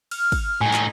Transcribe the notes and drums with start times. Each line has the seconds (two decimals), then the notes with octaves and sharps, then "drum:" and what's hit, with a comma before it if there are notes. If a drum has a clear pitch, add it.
0.11 F6, drum: cymbal
0.32 drum: kick, cymbal
0.61 A2 D#4 G#5
0.74 drum: clap